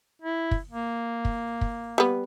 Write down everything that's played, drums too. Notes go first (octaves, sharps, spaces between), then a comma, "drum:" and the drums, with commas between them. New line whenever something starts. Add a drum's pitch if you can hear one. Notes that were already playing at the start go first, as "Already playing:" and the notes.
E4
drum: kick
A#3
drum: kick
drum: kick
G3 B3